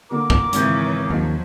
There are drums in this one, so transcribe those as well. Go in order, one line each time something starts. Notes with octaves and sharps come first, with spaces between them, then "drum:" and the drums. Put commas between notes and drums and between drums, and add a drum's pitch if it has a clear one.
D3 A#3 A#4 D6
drum: kick
G#1 C#3 E3 C#4 G6, drum: hi-hat
D#2 F3 F#3